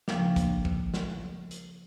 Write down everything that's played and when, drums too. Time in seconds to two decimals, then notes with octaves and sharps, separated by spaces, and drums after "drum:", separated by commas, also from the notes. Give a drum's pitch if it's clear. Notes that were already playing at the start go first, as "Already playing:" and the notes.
0.08 C#3 F3 G3 A#3 D4, drum: snare
0.36 drum: kick, hi-hat
0.65 drum: kick
0.94 drum: snare
1.51 drum: hi-hat